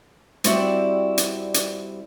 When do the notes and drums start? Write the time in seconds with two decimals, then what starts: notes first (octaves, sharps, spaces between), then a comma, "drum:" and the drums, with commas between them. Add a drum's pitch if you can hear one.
0.44 G3 C4 E4 F#4 G4 D5, drum: hi-hat
1.18 drum: hi-hat
1.54 drum: hi-hat